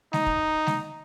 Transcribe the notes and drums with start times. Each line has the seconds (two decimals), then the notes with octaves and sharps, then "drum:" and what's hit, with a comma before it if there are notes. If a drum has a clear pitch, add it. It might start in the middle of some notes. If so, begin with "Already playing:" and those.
0.13 D#4, drum: snare G#3
0.26 drum: kick
0.67 drum: snare G#3